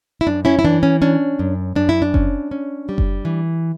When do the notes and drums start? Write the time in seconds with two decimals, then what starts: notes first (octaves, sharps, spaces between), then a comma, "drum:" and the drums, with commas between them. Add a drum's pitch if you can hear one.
0.21 E4
0.27 F#2 D4
0.45 C#4 E4
0.59 E4
0.65 E3 D4
0.83 C#4
1.02 C#4 D4
1.39 F#2
1.75 F#2 D4
1.89 E4
2.02 D4
2.14 C#4, drum: kick F#1
2.51 C#4
2.89 G3
2.98 drum: kick F#1
3.25 E3